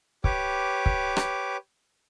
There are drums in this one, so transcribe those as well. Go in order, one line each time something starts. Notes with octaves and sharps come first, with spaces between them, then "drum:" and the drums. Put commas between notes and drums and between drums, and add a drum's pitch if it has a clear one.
G4 B4 C#5 D6, drum: kick
drum: kick
drum: rim click